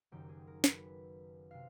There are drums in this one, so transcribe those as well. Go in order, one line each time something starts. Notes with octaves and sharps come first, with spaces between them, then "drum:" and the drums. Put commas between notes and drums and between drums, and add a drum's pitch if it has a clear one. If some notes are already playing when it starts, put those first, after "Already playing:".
F#1 F#2 D#3 G4
G#4
A#4
B4, drum: snare
C3 F5